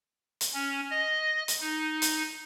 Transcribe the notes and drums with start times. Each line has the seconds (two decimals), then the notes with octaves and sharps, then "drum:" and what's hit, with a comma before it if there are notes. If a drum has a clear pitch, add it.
0.41 drum: hi-hat
0.54 C#4
0.91 D#5
1.48 drum: hi-hat
1.60 D#4
2.02 drum: hi-hat